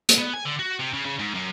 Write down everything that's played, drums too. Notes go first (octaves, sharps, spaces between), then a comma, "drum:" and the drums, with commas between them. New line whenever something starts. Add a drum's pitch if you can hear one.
drum: hi-hat
B3
G#5
D3
F#4
C3
C#3
C#3
G#2
F#2